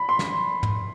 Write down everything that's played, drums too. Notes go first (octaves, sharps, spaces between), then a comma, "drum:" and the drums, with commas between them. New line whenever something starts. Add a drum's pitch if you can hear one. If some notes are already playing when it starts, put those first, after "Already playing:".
Already playing: B5
C6
drum: snare
drum: tom